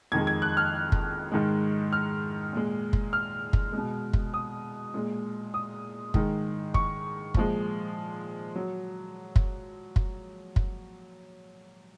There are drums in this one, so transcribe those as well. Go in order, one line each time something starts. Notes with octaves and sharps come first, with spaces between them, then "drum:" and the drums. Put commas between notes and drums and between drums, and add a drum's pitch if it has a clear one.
F2 D#3 G#3 G#6
G#6
F#6
F6
drum: kick
G#2 D#3 G#3
F6
A#2 G#3
drum: kick
F6
drum: kick
B2 G#3
drum: kick
D#6
A#2 G#3
D#6
G#2 D#3 G#3, drum: kick
C#6, drum: kick
A#2 F3 G#3, drum: kick
F#3
drum: kick
drum: kick
drum: kick